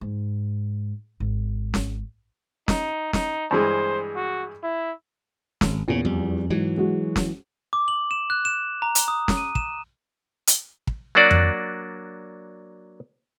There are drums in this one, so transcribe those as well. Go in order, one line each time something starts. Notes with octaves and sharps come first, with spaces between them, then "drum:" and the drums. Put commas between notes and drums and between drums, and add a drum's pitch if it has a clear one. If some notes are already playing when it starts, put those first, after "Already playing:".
G#2
G#1
drum: snare
D#4, drum: snare
D#4, drum: snare
G2 E3 G#3 C5
F#4
E4
G#1, drum: snare
E2 A#2 C#3
F2 G3
G#2 E3 F#3
G#3 F#4
drum: snare
D6
F#7
E7
F#6
E7
A#5
drum: hi-hat
D#6
drum: snare
D#7
E7, drum: kick
drum: hi-hat
drum: kick
F#3 A#3 D4 F#4 D5
drum: tom F2